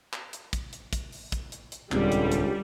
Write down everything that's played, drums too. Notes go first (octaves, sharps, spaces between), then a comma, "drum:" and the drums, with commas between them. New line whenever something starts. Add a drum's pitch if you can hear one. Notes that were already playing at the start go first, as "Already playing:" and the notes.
drum: clap
drum: hi-hat
drum: kick, hi-hat
drum: hi-hat
drum: kick, hi-hat
drum: open hi-hat
drum: kick, hi-hat
drum: hi-hat
drum: hi-hat
D#1 C#2 D3 G3 C4 D4, drum: clap
drum: hi-hat
drum: hi-hat